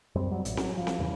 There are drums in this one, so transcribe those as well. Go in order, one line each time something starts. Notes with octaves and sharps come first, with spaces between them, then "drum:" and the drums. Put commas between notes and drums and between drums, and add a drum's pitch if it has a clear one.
F#2 G3 C4
F#3 G3
A1, drum: hi-hat
F#3 C#4, drum: snare C4
F3
drum: snare C4
E2 G2 C#3 E3